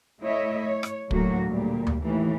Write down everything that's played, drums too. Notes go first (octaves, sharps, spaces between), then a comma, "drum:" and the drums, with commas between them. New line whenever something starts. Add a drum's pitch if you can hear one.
A3 E4 C#5 D#5 E5
C#5
drum: rim click
D2 A2 F#3 A3 A#3 F#4, drum: kick
D2 A#2 G3
drum: tom D2
D#2 A2 E3